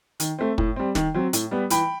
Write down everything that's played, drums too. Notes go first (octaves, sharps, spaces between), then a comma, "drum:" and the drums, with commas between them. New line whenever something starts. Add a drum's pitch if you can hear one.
D#3, drum: hi-hat
A3 C4
A2, drum: kick
G3 C4
D#3, drum: snare
F#3 C4
A2, drum: hi-hat
G3 B3
E3 G5 B5, drum: hi-hat